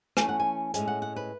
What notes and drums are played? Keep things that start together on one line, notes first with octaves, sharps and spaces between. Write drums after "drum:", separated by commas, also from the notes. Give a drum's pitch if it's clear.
E3 A3 C#4 G#5, drum: rim click
F#5
G#5
A2 G#3 C#4 G#5, drum: hi-hat
F#5
F#5
B4